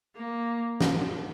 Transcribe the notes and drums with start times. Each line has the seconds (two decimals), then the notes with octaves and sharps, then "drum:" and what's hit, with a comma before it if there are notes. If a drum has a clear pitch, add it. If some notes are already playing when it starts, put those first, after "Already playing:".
0.16 A#3
0.81 drum: snare